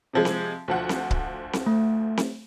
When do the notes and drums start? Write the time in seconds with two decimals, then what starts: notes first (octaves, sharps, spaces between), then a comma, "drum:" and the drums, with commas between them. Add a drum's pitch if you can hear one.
0.13 C3 F3 G#3
0.25 drum: snare C4
0.68 D2 F3 F#5
0.89 drum: snare C4
1.11 drum: kick C#1
1.53 drum: snare C4
1.66 A3
2.17 drum: snare C4